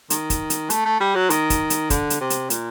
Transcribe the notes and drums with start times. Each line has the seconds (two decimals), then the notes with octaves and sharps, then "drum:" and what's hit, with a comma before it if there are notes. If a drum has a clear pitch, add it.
0.10 D#3, drum: hi-hat
0.30 drum: kick, hi-hat
0.50 drum: hi-hat
0.70 A3, drum: hi-hat
0.85 A3
1.00 G3
1.15 F#3
1.30 D#3, drum: hi-hat
1.50 drum: kick, hi-hat
1.70 drum: hi-hat
1.90 D3, drum: kick, hi-hat
2.10 drum: hi-hat
2.20 C3
2.30 drum: hi-hat
2.50 A#2, drum: hi-hat